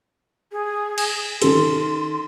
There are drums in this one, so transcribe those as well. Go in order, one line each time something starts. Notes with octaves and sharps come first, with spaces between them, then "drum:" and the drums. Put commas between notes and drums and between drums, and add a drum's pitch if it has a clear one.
G#4
drum: cymbal
D#3 A4 C6, drum: hi-hat